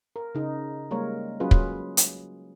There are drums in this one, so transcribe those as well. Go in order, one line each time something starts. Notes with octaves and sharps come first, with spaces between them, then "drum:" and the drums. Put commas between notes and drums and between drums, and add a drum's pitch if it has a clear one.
A#4
C#3 D#4
G3 G#3 A#3 A#4 C#5
F#3 C#4 F4 G#4 B4
drum: kick
drum: hi-hat